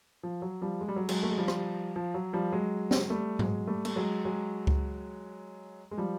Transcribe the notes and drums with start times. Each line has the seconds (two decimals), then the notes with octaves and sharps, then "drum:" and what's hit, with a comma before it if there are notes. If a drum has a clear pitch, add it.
0.23 F3
0.42 F#3
0.61 F3 G3
0.81 G#3
0.88 G3
0.96 F#3 G#3
1.09 F#3 G#3, drum: cymbal
1.23 A3
1.31 G#3
1.38 F3 G3
1.48 drum: rim click
1.96 F3
2.14 F#3
2.33 F3 G3
2.52 F#3 G#3
2.91 drum: snare
3.10 G3 A3
3.39 F#3 G#3, drum: tom G#2
3.67 G3 A3
3.85 A3, drum: cymbal
3.96 F#3 G#3
4.25 F#3 G#3
4.67 drum: kick C#2
5.91 G#3
5.98 F3 G3